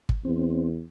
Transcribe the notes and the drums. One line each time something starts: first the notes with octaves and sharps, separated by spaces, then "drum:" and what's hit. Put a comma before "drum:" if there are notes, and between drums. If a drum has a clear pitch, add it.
drum: kick
E2 C4